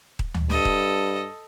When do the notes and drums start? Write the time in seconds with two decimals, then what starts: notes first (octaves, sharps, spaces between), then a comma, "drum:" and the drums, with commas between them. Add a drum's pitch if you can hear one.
0.19 drum: kick D#1
0.34 drum: tom D2
0.50 G2 A4 D#5, drum: snare
0.65 drum: kick D#1